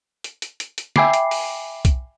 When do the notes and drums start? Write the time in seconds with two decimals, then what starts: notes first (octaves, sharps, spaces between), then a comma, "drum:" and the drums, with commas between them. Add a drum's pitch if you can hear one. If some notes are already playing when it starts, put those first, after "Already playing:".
0.24 drum: hi-hat
0.42 drum: hi-hat
0.60 drum: hi-hat
0.78 drum: hi-hat
0.96 E5 G5 G#5 B5 D6 C7, drum: snare
1.13 drum: hi-hat
1.31 drum: open hi-hat
1.85 drum: kick B1, hi-hat